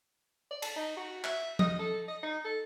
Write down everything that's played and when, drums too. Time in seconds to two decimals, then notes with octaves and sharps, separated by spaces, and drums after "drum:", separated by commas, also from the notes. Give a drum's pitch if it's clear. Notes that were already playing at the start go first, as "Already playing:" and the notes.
0.51 D5
0.62 A5, drum: cymbal
0.76 D#4
0.97 F#4
1.24 E5, drum: clap
1.59 D#5, drum: tom F3
1.79 A4
2.08 D#5
2.23 D#4
2.45 A4